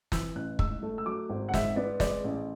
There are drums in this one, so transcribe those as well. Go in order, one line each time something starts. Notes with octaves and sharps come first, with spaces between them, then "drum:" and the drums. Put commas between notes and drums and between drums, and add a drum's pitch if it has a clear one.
E3 E6, drum: snare
A1 F#6
G#2 E6, drum: kick
A3
E6
F#3 D6
G#1
F#5
G#2 E5, drum: snare
B3 D5
G#3 D5, drum: snare
A1